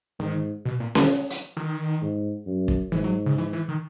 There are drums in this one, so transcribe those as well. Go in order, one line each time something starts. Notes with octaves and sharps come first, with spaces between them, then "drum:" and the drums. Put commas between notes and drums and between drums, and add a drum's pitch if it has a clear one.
G#2 D#3
B2
A#2
B2, drum: snare C#4
drum: hi-hat
D#3
G#2
F#2
drum: kick
G#2 E3
F#3
C#3
E3
E3
D#3